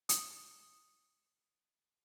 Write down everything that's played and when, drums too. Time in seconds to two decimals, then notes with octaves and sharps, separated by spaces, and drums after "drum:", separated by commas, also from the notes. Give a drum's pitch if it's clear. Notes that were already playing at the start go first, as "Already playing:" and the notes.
0.09 D#6, drum: hi-hat